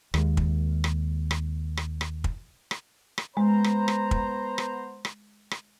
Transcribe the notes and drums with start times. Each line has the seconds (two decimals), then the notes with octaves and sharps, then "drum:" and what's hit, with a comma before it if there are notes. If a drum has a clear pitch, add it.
0.14 D#2 G#3, drum: rim click
0.37 drum: kick
0.84 drum: rim click
1.31 drum: rim click
1.77 drum: rim click
2.01 drum: rim click
2.24 drum: kick
2.71 drum: rim click
3.18 drum: rim click
3.37 G#3 B3 C5 A#5
3.64 drum: rim click
3.88 drum: rim click
4.11 drum: kick
4.58 drum: rim click
5.05 drum: rim click
5.51 drum: rim click